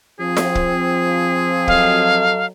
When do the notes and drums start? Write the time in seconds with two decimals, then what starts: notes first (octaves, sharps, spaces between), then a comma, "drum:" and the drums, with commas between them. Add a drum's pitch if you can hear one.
0.20 F3 C4 G#4
0.37 drum: snare F4
0.55 drum: kick
1.68 F#3 A4 D#5 F5, drum: kick